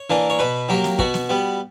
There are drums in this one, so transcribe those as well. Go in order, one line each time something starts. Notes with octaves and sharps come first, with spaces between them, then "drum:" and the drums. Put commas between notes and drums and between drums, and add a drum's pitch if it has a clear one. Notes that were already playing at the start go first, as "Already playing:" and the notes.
Already playing: C#5
E3 A#3 D4
C#5
B2 B4
F#3 A#3 G4
drum: snare
B2 F#4, drum: kick
drum: snare
G3 B3